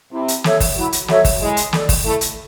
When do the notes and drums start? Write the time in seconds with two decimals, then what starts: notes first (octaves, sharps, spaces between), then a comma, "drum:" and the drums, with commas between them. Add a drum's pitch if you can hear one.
0.12 C3 E4
0.28 drum: hi-hat
0.44 A4 C#5 E5, drum: snare
0.60 drum: kick, open hi-hat
0.76 F#3 E4
0.92 drum: hi-hat
1.08 F#3 A4 C#5 E5, drum: snare
1.25 drum: kick, open hi-hat
1.41 G#3 E4
1.57 drum: hi-hat
1.73 A4 D5, drum: snare
1.89 drum: kick, open hi-hat
2.04 A3 E4
2.21 drum: hi-hat